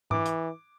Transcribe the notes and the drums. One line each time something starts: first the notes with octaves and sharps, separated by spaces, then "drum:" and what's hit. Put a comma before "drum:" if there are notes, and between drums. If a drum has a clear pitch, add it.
E3 D6, drum: tom G#2
drum: hi-hat